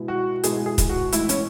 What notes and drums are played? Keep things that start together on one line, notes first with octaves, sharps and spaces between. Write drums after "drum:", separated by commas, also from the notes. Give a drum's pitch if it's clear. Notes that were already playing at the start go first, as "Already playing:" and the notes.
Already playing: B2 G#3 B3 E4
F#4
B2 G#3 B3 E4 G#4, drum: hi-hat
G#4
drum: kick, hi-hat
F#4
A2 E3 G#3 E4, drum: hi-hat
C#4, drum: hi-hat